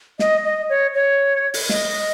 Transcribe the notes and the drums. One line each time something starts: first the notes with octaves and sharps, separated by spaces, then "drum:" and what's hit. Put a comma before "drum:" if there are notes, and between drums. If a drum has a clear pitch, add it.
D#5, drum: snare
D#5
C#5
C#5
drum: open hi-hat
D#5, drum: snare